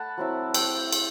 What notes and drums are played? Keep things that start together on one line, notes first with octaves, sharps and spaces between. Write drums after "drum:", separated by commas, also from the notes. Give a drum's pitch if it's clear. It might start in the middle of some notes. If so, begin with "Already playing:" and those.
Already playing: A3 F#5 A5 B5
F#3 C4 E4
E5 G5, drum: cymbal
drum: cymbal